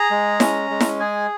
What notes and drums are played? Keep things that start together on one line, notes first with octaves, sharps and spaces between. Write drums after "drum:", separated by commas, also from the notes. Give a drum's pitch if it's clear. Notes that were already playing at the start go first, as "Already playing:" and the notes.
Already playing: G#4 A#5
G#3
C#4, drum: snare E4
G#3
drum: snare E4
G#4 G#5